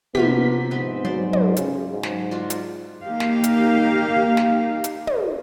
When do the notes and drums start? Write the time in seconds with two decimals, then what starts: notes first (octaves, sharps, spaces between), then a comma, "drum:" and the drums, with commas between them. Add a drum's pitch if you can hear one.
0.15 C3 F3 A#3 B3 B6, drum: tom
0.71 G#2 B3 C4
1.05 F#3 C5 D5
1.33 drum: tom
1.57 C#3, drum: hi-hat
1.89 G#2
2.03 drum: snare
2.31 F4 F#4 D5
2.50 drum: hi-hat
3.04 A#3 D#4 G4 F5
3.20 drum: snare
3.44 drum: hi-hat
4.37 drum: snare
4.84 drum: hi-hat
5.07 drum: tom